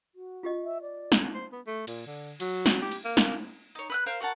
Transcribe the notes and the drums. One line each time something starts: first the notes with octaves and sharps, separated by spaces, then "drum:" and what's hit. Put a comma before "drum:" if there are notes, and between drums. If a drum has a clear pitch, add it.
F#4
F4 G4 D#5
E5
D5
drum: snare
C5
B3
A3
A#2, drum: cymbal
D3
F#3, drum: cymbal
drum: snare
G4
drum: cymbal
A#3
drum: snare
D#4 C#5
B4 E6 F#6
A#4 C5 F5
F#4 A#4 F#5 A5